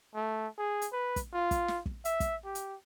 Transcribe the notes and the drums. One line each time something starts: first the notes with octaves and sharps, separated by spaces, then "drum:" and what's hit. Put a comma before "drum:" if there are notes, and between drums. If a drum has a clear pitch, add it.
A3
G#4
drum: hi-hat
B4
drum: kick, hi-hat
F4
drum: kick, hi-hat
drum: snare
drum: kick
E5, drum: hi-hat
drum: kick, hi-hat
G4
drum: hi-hat